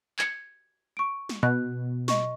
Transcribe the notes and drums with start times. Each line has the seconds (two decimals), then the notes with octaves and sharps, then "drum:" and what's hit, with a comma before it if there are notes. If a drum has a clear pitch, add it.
0.19 G#6 C#7, drum: clap
0.97 C#6 D7
1.29 drum: snare
1.43 B2 F#6
2.08 D#5 C#6, drum: snare